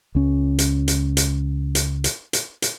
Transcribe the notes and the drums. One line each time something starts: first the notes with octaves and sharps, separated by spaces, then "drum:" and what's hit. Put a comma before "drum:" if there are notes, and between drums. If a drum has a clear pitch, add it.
C#2 C#4
drum: hi-hat
drum: hi-hat
drum: hi-hat
drum: hi-hat
drum: hi-hat
drum: hi-hat
drum: hi-hat